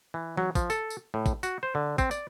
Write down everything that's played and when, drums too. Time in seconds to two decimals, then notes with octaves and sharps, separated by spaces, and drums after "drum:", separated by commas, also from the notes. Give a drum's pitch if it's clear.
0.14 E3
0.37 F#3, drum: tom E3
0.55 F3, drum: kick, tambourine
0.70 A4, drum: tambourine
0.90 drum: tambourine
1.14 A2
1.26 drum: kick, tambourine
1.43 F#4, drum: tambourine
1.63 C5
1.75 D3
1.98 C4, drum: kick, tambourine
2.11 D5, drum: tambourine